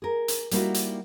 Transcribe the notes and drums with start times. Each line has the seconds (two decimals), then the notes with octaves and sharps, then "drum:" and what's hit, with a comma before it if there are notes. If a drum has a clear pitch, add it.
0.02 G#4 A#4
0.28 drum: hi-hat
0.51 G3 A#3 B3 D#4 E4 F#4, drum: hi-hat
0.74 drum: hi-hat